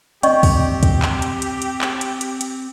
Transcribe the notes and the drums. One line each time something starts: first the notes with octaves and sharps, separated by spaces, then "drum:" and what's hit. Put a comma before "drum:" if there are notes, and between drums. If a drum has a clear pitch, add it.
C4 C#4 G4 D5 D#5 G5 C#6, drum: hi-hat
drum: kick, open hi-hat
drum: kick, hi-hat
drum: clap
drum: hi-hat
drum: hi-hat
drum: hi-hat
drum: clap
drum: hi-hat
drum: hi-hat
drum: hi-hat